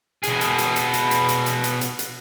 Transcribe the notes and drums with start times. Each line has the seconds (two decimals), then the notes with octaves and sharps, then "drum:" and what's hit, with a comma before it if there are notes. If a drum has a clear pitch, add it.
0.23 B2 G#4, drum: hi-hat
0.41 drum: hi-hat
0.58 drum: hi-hat
0.76 drum: hi-hat
0.94 drum: hi-hat
1.11 drum: hi-hat
1.29 drum: hi-hat
1.46 drum: hi-hat
1.64 drum: hi-hat
1.81 drum: hi-hat
1.99 drum: hi-hat